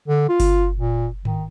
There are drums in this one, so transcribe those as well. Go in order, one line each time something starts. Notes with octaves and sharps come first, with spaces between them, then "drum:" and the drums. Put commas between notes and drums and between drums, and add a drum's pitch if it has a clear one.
D3
F4
drum: kick G1, open hi-hat
A#2
D#3, drum: tom G#2